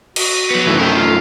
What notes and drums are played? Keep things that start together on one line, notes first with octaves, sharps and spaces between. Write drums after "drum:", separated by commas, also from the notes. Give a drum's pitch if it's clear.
F#4, drum: cymbal
F#3 B3
F#2 E3 A3
A4 A#4 G5
F4